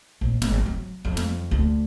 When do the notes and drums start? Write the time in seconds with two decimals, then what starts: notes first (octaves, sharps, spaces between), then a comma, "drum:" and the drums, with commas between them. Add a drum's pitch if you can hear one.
0.21 A#1
0.42 G#1, drum: snare
0.66 F#3
1.05 F2
1.17 drum: snare
1.51 D2